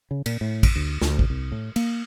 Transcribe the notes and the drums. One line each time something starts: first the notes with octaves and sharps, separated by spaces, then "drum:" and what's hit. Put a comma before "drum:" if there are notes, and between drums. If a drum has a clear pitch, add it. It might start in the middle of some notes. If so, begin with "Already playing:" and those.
C#3
A#2, drum: cymbal
A2
drum: kick, cymbal
D2
D2, drum: snare
drum: kick
C2
A2
A#3, drum: cymbal